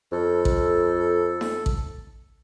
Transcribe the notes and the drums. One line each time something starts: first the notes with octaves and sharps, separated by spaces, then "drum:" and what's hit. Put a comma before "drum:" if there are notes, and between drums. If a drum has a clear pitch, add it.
F2 A4
drum: kick A1
drum: snare D#4
drum: kick A1